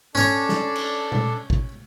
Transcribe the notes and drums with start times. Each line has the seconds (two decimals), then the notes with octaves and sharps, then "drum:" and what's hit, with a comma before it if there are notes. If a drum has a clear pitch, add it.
0.15 C#4 D4 A4 C#5 D5, drum: tom G#2
0.49 drum: snare
0.76 drum: cymbal
1.12 drum: tom A#2
1.50 drum: kick G#1